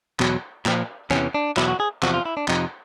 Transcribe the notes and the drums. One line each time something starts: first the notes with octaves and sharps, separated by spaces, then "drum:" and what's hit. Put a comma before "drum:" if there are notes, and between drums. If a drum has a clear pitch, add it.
E2 B2 F#3, drum: clap
A#2 F3, drum: clap
E2 C3 E3 C#4, drum: clap
D4
E2 B2 F#3 E4, drum: clap
F#4
G#4
E2 C3 F3 F#4, drum: clap
F4
E4
D4
F2 C3 F3 D#4, drum: clap